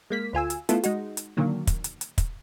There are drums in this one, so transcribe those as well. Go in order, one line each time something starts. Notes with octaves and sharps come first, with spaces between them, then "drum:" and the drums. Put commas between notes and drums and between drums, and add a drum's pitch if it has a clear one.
G#3 A#3 B6
D2 F4 G#5 E6
drum: hi-hat
A3 B3 E4 F4 A4, drum: hi-hat
G#3 D#4 F#4, drum: hi-hat
drum: hi-hat
A#2 D3 D#3 F#3 A#3
drum: kick, hi-hat
drum: hi-hat
drum: hi-hat
drum: kick, hi-hat